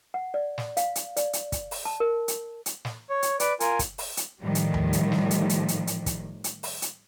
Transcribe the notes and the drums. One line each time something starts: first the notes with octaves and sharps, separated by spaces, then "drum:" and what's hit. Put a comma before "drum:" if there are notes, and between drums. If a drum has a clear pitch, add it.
F#5
D5
drum: snare
F5, drum: hi-hat
drum: hi-hat
D5, drum: hi-hat
drum: hi-hat
drum: kick, hi-hat
drum: open hi-hat
A5
A#4
drum: hi-hat
drum: hi-hat
drum: snare
C#5
drum: hi-hat
B4 D5, drum: hi-hat
F4 A#4 G#5, drum: hi-hat
drum: kick, hi-hat
drum: open hi-hat
drum: hi-hat
A2 D#3 F3 G3
drum: hi-hat
drum: tom D#2
drum: hi-hat
drum: snare
drum: hi-hat
drum: hi-hat
drum: hi-hat
drum: hi-hat
drum: kick, hi-hat
drum: hi-hat
drum: open hi-hat
drum: hi-hat